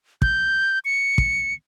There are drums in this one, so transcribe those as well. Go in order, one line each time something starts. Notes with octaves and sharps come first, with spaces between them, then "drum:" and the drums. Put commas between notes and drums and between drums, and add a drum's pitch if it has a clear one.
G6, drum: kick
C#7
drum: kick